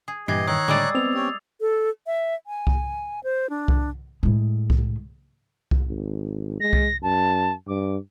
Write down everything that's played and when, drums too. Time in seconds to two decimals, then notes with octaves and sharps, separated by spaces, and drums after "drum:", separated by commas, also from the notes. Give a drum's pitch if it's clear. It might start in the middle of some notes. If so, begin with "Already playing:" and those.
0.08 G#4
0.28 G2 A#2 E3 G4 D#5 G#6 C7
0.47 D#3 C#5 A#5 D#6 E6 F#6
0.68 A2 D3 G3 G#3 D5 D6 E6 A6
0.95 B3 C4 E6 F7
1.14 C#4 G4
1.61 A4
2.06 E5
2.47 G#5
2.67 drum: kick C2
3.24 C5
3.50 D4
3.68 drum: kick C2
4.23 A2 G#3
4.70 drum: kick C2
5.71 drum: kick C2
5.87 G#1
6.60 G#3 A#6
6.73 drum: kick C2
7.02 F#2 A5
7.68 G2 D6